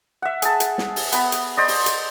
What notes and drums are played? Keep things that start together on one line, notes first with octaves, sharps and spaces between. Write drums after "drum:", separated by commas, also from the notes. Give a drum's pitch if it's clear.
E5 F#5
G#4 A5, drum: hi-hat
drum: hi-hat
drum: snare
drum: open hi-hat
B3 B5, drum: hi-hat
drum: hi-hat
C5 D5 D#5
drum: open hi-hat
drum: hi-hat